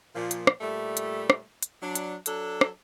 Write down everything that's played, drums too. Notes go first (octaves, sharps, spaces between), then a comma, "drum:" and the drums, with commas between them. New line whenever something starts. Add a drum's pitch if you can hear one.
A#2 F3
drum: hi-hat
drum: rim click
A#2 G3 A3
drum: hi-hat
drum: rim click
drum: hi-hat
F#3 D4
drum: hi-hat
F#3 D4 A4, drum: hi-hat
drum: rim click